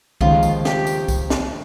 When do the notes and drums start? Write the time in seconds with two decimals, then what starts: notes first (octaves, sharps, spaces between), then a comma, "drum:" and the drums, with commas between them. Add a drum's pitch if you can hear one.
0.21 D#2 C#3 F3 G#3 F4, drum: kick C2
0.43 drum: tambourine
0.65 G4, drum: snare
0.87 drum: tambourine
1.08 drum: kick C2, tambourine
1.30 drum: snare